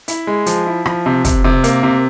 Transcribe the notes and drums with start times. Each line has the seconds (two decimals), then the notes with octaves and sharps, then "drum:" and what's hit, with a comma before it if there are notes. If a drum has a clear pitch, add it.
0.08 E4, drum: hi-hat
0.27 G#3
0.46 F3, drum: hi-hat
0.66 E4
0.86 F3, drum: rim click
1.06 C3
1.25 C3, drum: kick, hi-hat
1.44 C3
1.64 A#3, drum: hi-hat
1.83 C3